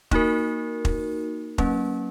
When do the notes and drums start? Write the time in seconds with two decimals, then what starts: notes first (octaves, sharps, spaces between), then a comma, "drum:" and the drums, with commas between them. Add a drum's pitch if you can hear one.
0.11 A#3 D#4 F#4 A#4, drum: kick
0.85 drum: kick
1.58 F#3 A#3 C#4, drum: kick